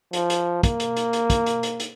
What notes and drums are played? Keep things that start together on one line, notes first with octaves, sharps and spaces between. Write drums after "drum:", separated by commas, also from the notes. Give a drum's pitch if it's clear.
F3, drum: hi-hat
drum: hi-hat
A#3, drum: kick, hi-hat
drum: hi-hat
drum: hi-hat
drum: hi-hat
drum: kick, hi-hat
drum: hi-hat
drum: hi-hat
drum: hi-hat